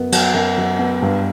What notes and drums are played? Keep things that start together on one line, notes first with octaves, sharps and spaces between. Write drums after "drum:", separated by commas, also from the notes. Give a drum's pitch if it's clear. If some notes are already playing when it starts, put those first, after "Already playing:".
Already playing: F#2 B3
F#3, drum: cymbal
F#2
F#2
B3
G2